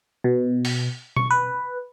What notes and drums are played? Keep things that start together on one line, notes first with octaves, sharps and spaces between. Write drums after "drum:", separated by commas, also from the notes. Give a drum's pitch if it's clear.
B2
drum: open hi-hat
C#6, drum: tom B2
B4